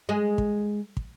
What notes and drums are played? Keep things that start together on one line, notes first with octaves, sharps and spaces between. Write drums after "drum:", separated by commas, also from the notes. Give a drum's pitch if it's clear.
G#3
drum: kick
drum: kick